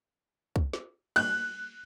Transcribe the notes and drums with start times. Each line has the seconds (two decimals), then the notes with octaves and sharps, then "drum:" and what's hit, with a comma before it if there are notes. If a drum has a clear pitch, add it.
0.56 drum: kick
0.73 drum: snare
1.16 F#6, drum: cymbal